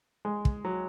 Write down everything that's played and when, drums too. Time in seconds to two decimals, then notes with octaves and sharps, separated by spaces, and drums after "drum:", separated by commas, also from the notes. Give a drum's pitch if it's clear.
0.25 G#3
0.45 drum: kick
0.65 F#3